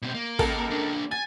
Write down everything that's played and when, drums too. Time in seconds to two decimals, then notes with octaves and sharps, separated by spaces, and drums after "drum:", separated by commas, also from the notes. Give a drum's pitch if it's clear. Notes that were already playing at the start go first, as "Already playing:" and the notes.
0.02 B2 C4
0.14 A#3
0.39 C#2 A4 A#4, drum: kick
0.71 A#3 D4
1.11 G#5 A6